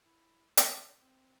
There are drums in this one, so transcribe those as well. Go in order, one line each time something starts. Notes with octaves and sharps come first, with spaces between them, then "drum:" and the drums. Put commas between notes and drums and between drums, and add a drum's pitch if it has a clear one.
E4
D3, drum: hi-hat
C4